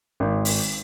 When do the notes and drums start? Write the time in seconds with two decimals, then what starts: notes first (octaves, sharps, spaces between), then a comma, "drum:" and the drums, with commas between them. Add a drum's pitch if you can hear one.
0.20 G#1
0.45 drum: open hi-hat